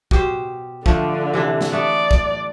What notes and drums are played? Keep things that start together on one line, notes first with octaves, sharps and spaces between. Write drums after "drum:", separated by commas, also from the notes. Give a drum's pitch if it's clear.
B2 G4 C5, drum: kick
D3 F3 A3 D4, drum: kick
C3 E3 D4
drum: snare
A3 B3 D5
drum: kick